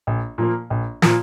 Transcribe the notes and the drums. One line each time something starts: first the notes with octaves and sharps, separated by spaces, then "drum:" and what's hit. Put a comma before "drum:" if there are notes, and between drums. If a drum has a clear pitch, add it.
A#1
A#2 F3 A#3
A#1
A#2 F3 A#3, drum: snare